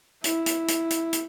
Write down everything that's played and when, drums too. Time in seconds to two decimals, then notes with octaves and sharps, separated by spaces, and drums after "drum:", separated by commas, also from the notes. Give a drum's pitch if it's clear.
0.24 E4, drum: hi-hat
0.46 drum: hi-hat
0.68 drum: hi-hat
0.90 drum: hi-hat
1.13 drum: hi-hat